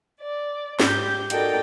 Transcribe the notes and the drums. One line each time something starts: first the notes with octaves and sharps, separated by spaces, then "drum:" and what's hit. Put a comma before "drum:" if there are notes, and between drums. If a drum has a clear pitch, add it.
D5
G#2 G4 G6, drum: snare
D#4 F#4 A4 A#4 D5 G5, drum: hi-hat